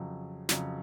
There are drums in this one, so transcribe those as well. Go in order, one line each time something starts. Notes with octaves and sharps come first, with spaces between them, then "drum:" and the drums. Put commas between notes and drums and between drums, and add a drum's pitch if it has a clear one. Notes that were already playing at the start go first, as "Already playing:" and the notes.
Already playing: F2 C#3 F#3
F2 C#3 F#3, drum: snare